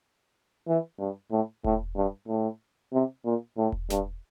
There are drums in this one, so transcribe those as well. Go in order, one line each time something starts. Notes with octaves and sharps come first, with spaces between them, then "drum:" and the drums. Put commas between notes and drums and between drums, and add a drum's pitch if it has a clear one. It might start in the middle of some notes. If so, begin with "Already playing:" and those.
E3
G2
A2
A2, drum: kick E1
G2
A2
C3
A#2
A2
drum: kick E1
G2, drum: snare